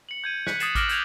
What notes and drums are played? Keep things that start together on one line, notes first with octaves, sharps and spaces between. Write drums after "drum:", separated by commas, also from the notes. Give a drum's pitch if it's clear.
C#7 F#7
G6 G#6 D#7
F#6 B6 C#7, drum: snare
D#6 G#6 A6 C7 E7 F#7, drum: hi-hat
D6 F6 A#6 D7 E7 F#7, drum: kick A1, hi-hat
G6 G#6 F7, drum: hi-hat